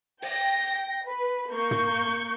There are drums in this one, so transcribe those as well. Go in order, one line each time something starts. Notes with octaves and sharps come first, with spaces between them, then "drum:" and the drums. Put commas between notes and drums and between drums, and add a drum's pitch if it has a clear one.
G5 A#6, drum: open hi-hat
B4
A#3 C#6 G6
drum: tom